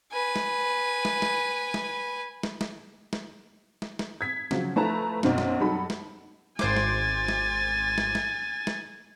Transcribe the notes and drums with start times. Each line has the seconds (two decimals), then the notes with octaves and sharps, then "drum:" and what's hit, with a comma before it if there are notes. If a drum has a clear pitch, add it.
0.12 B4 G#5
0.36 drum: snare
1.05 drum: snare
1.22 drum: snare
1.74 drum: snare
2.43 drum: snare
2.61 drum: snare
3.13 drum: snare
3.82 drum: snare
3.99 drum: snare
4.21 G#6 B6
4.51 C#3 F3 F#3, drum: snare
4.76 F3 A3 E4 B4 A5 A#5
5.23 B1 F#2 C4, drum: snare
5.38 drum: snare
5.60 F#3 G3 D#4 A4 B5
5.90 drum: snare
6.59 G#1 C5 G#5 D6 A6, drum: snare
6.76 drum: snare
7.28 drum: snare
7.98 drum: snare
8.15 drum: snare
8.67 drum: snare